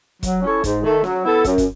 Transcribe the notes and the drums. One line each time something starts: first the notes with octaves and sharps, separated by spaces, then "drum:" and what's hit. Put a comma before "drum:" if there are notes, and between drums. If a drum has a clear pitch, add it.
F#3, drum: kick, hi-hat
C#4 E4 A4 C#5
G#2, drum: kick, hi-hat
D#3 A3
F#3, drum: snare C#4
B3 E4 A4
F#2, drum: kick, hi-hat
drum: kick, hi-hat